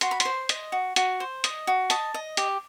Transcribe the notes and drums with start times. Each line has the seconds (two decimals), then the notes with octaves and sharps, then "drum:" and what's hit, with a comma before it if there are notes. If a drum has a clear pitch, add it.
0.01 F#4 C6, drum: hi-hat
0.11 B5
0.20 C6, drum: hi-hat
0.25 C5
0.49 D#5, drum: hi-hat
0.72 F#4
0.96 F#4, drum: hi-hat
1.20 C5
1.44 D#5, drum: hi-hat
1.67 F#4
1.90 D#5 A5, drum: hi-hat
2.14 D#5
2.37 G4, drum: hi-hat